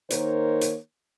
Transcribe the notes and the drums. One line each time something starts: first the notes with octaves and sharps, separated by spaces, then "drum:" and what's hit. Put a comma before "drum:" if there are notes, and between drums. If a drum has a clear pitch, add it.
D#3 A#3 D#4 A#4 C5 C#5, drum: hi-hat
drum: hi-hat